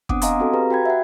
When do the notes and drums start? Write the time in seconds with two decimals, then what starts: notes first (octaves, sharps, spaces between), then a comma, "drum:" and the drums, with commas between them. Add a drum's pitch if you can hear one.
0.09 B3 C4 D4 F#5 D6 D#6, drum: kick
0.22 D#5 F5 G#5 A#5 C6 D#6, drum: hi-hat
0.40 C4 F#4 A4
0.53 G4 G#4 B4 F5 A#5
0.70 F#4 G5 B5 G#6
0.86 E5 F#5